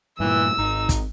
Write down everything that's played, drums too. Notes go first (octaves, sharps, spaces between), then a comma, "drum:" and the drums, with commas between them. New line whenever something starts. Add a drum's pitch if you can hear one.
G2 A#2 E3 E6
G#1 D#4
drum: kick, hi-hat